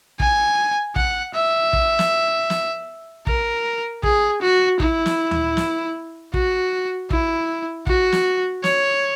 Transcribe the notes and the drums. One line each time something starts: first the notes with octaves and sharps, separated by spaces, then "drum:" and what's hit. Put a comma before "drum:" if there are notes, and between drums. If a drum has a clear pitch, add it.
G#5, drum: kick
F#5, drum: kick
E5
drum: kick
drum: snare
drum: snare
A#4, drum: kick
G#4, drum: kick
F#4
E4, drum: kick
drum: snare
drum: tom D2
drum: snare
F#4, drum: kick
E4, drum: kick
F#4, drum: kick
drum: snare
C#5, drum: snare